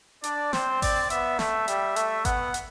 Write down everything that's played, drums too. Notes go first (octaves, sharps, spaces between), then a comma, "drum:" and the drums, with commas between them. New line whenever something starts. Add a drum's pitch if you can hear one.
D4 D5, drum: hi-hat
C4 C5, drum: snare
D5, drum: kick G#1, open hi-hat
B3 E5, drum: hi-hat
A3 E5, drum: snare
G3, drum: hi-hat
A3, drum: hi-hat
B3 F#5, drum: kick G#1, hi-hat
drum: hi-hat